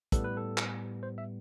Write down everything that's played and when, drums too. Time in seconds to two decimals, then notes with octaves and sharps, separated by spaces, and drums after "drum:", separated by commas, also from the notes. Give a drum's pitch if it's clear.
0.12 A2 G3 B3 A4, drum: kick, hi-hat
0.24 B4
0.37 A4
0.58 drum: clap
1.03 C5
1.18 E5